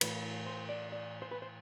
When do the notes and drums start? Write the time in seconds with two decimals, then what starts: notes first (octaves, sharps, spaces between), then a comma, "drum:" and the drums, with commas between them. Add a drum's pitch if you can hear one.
0.01 A2 E3 A3 B4, drum: cymbal
0.46 C5
0.69 D5
0.92 D5
1.22 C5
1.31 B4
1.42 C5